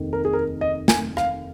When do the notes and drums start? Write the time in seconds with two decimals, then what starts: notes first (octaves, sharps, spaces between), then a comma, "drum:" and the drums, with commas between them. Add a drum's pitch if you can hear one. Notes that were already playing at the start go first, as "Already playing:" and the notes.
Already playing: F1 D#2 D#3
0.13 A#4
0.25 G#4
0.33 A#4
0.61 D#5
0.88 G#5, drum: snare
1.17 F5, drum: rim click